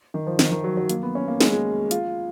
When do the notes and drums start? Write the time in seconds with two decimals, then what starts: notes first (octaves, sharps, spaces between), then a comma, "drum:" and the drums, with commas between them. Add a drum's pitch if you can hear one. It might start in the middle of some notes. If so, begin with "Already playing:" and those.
0.14 D#3
0.27 F3
0.39 D#3, drum: snare
0.52 D#3
0.64 F#3
0.77 F#3
0.89 A#3, drum: hi-hat
1.03 B3
1.15 C#4
1.28 A#3
1.41 G#3, drum: snare
1.53 G#3
1.91 F4, drum: hi-hat